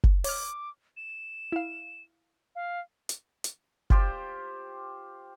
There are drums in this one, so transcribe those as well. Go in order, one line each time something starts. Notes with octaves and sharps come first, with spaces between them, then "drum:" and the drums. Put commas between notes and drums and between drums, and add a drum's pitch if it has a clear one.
drum: kick F#1
C#5 D6 F6, drum: open hi-hat
E7
E4 F5
F5
drum: hi-hat
drum: hi-hat
F4 G4 C5, drum: kick F#1